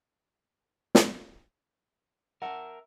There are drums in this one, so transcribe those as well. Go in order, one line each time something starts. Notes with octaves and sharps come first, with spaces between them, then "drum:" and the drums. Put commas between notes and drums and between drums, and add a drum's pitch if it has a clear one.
drum: snare
A#4 E5 F#5 A5